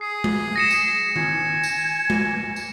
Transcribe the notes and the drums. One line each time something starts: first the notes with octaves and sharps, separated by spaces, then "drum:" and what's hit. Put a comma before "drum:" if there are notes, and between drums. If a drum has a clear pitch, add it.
G#4 C7
drum: tom G#3
A#6 C#7 E7
drum: tambourine
G#5, drum: tom D#3
drum: tambourine
drum: tom G#3
drum: tambourine